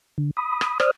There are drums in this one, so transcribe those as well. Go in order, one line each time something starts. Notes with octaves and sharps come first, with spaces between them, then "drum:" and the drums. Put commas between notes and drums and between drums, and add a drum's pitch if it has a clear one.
D3
B5 D#6
drum: rim click
C5 D5 D#6 F6, drum: rim click